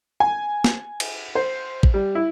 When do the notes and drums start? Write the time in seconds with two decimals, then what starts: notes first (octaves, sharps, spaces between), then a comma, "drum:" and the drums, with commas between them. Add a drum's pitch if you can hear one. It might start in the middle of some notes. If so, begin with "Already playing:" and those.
0.20 G#5
0.64 drum: snare
1.00 drum: cymbal
1.35 C5
1.83 drum: kick A1
1.94 G3
2.15 E4